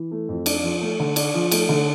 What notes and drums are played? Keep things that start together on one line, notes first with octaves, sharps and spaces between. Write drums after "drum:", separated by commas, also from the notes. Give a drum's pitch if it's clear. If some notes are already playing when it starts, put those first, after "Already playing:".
Already playing: E3
A3
F2
D4, drum: cymbal
F3
A3
D3
D4, drum: cymbal
F3
A3, drum: cymbal
D3